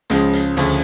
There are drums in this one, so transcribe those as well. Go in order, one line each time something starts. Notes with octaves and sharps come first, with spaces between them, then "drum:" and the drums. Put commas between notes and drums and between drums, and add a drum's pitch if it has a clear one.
C#2 C#3 F3 G#3, drum: hi-hat
drum: hi-hat
D2 C#3 F3, drum: open hi-hat